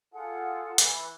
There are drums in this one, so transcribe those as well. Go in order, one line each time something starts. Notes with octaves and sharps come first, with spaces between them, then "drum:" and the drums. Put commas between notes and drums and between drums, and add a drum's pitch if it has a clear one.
F4 G#4 A4 F#5
E3, drum: hi-hat